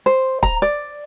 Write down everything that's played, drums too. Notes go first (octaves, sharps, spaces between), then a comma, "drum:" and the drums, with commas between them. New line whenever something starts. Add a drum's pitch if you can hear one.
C5
A#5, drum: kick C#1
D5